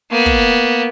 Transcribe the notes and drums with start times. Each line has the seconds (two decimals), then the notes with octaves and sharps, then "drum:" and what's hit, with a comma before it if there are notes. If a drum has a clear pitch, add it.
0.11 A#3 B3
0.26 drum: kick